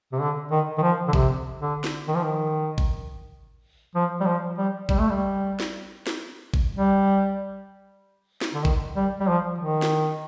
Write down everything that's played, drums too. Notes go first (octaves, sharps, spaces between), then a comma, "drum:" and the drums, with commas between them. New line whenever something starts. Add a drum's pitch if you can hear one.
C3
D3
D#3
D#3
F3
D3
C3, drum: kick A1
D3
drum: snare
D#3
F3
D#3
drum: kick A1
F3
G3
F3
G3
G3, drum: kick A1
A3
G3
drum: snare
drum: snare
drum: kick A1
G3
drum: snare
D3
D#3, drum: kick A1
G3
G3
F3
D#3
drum: snare